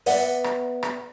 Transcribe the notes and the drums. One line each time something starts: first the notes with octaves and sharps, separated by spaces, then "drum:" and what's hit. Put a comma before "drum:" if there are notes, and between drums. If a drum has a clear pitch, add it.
B3 B4 D5 E5 F#5, drum: open hi-hat
drum: rim click
drum: rim click